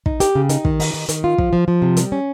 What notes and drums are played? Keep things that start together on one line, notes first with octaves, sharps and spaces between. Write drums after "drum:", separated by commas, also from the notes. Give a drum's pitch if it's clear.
D#4, drum: kick
G4, drum: hi-hat
C#3
D#4, drum: hi-hat
D#3, drum: kick
D#4, drum: open hi-hat
D#3
D#3, drum: hi-hat
F4
F3, drum: kick
F3
F3
C3
G3, drum: hi-hat
C#4